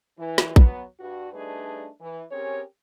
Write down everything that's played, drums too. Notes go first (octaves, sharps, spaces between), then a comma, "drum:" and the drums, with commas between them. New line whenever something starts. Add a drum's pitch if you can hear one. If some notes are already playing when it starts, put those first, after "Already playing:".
E3
drum: snare
F#3 B3, drum: kick A#1
G2 F#4
G3 A3 D4 D#4 G#4 B4
E3
C4 C#4 G4 G#4 A#4 C#5